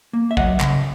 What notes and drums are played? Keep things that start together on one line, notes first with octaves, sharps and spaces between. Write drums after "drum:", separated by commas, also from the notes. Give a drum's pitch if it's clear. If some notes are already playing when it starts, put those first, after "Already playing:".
A#3
E5
F#3 D#5 F#5, drum: kick A#1
C#3, drum: clap